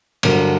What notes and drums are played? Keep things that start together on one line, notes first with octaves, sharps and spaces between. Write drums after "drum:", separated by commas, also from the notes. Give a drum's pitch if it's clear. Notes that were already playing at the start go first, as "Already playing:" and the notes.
G2 D3 F#3 A#4, drum: cymbal